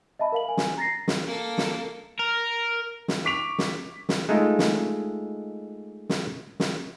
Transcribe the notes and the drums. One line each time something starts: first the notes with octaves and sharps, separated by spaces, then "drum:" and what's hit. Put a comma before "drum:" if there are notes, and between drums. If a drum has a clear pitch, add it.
D#5 E5 A5 B5
A#4 F5 F#7
G#5
drum: snare
A#5 A6 A#6 C7
drum: snare
A#3 A4
drum: snare
A#4
drum: snare
C#6 D6 B6 D7 F7
drum: snare
drum: snare
G#3 A3 D#4 F4
drum: snare
drum: snare
drum: snare